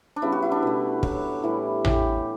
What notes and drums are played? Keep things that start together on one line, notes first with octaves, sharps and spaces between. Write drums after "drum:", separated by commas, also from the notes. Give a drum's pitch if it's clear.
D4
C#3 G3 B3 E4
F#4
E4
D4
B2 A3
A2 F#3 B3, drum: kick
A2 E3 G3 E4
A2 E3 A3 G4, drum: tom A1